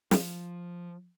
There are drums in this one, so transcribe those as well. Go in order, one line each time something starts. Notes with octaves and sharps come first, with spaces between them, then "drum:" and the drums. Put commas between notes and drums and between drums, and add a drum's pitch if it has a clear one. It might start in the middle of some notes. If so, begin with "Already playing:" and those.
F3, drum: snare